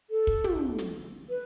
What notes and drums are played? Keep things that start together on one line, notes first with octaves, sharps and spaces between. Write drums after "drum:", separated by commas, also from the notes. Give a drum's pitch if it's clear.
A4
drum: kick
drum: tom
drum: hi-hat
B4